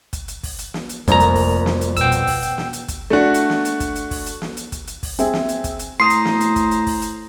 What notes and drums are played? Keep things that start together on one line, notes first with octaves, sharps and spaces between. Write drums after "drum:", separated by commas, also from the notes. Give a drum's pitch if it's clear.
drum: kick, hi-hat
drum: hi-hat
drum: kick, open hi-hat
drum: hi-hat
drum: snare
drum: hi-hat
F1 C2 F2 A#3 A#5, drum: kick, hi-hat
drum: hi-hat
drum: kick, open hi-hat
drum: snare
drum: hi-hat
B2 G5 E6, drum: kick, hi-hat
drum: hi-hat
drum: kick, open hi-hat
drum: hi-hat
drum: snare
drum: hi-hat
drum: kick, hi-hat
A3 D4 F#4
drum: hi-hat
drum: snare
drum: hi-hat
drum: kick, hi-hat
drum: hi-hat
drum: kick, open hi-hat
drum: hi-hat
drum: snare
drum: hi-hat
drum: kick, hi-hat
drum: hi-hat
drum: kick, open hi-hat
C4 G#4 E5 G#5, drum: hi-hat
drum: snare
drum: hi-hat
drum: kick, hi-hat
drum: hi-hat
A2 C5 A#5 C6 D#6 C7
drum: hi-hat
drum: snare
drum: hi-hat
drum: kick, hi-hat
drum: hi-hat
drum: kick, open hi-hat
drum: hi-hat